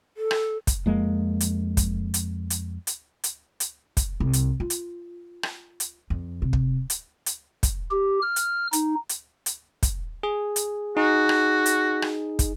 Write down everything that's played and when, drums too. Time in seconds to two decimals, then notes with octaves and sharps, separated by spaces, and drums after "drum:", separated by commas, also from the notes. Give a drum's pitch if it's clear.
0.17 A4
0.31 drum: rim click
0.67 drum: kick, hi-hat
0.86 F2 G#3 A#3
1.40 drum: hi-hat
1.77 drum: kick, hi-hat
2.14 drum: hi-hat
2.50 drum: hi-hat
2.87 drum: hi-hat
3.24 drum: hi-hat
3.60 drum: hi-hat
3.97 drum: kick, hi-hat
4.20 C2
4.33 drum: hi-hat
4.60 F4
4.70 drum: hi-hat
5.43 drum: rim click
5.80 drum: hi-hat
6.10 F2
6.42 C3
6.53 drum: kick
6.90 drum: hi-hat
7.26 drum: hi-hat
7.63 drum: kick, hi-hat
7.91 G4
8.22 F6
8.36 drum: hi-hat
8.73 D#4, drum: hi-hat
9.09 drum: hi-hat
9.46 drum: hi-hat
9.83 drum: kick, hi-hat
10.23 G#4
10.56 drum: hi-hat
10.97 D#4 F#4 G#4
11.29 drum: rim click
11.66 drum: hi-hat
12.02 drum: rim click
12.39 drum: kick, hi-hat